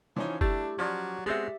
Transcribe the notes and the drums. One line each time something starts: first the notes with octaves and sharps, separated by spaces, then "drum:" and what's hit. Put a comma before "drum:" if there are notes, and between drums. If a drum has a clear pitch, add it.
E3 F3 C#4 D#4
A3 D4 E4 G4 A6, drum: kick F#1
F3 F#3 C#4 D5
G#3 B3 C4 F#4 G4 E5